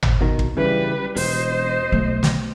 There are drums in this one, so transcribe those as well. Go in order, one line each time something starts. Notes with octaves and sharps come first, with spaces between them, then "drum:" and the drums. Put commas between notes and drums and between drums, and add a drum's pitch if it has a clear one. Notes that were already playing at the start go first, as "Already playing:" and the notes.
drum: tom G#1
B2 D#3
drum: kick
C#3 E3 G3 B4
E1 C5 D#5, drum: open hi-hat
B1 A3
drum: snare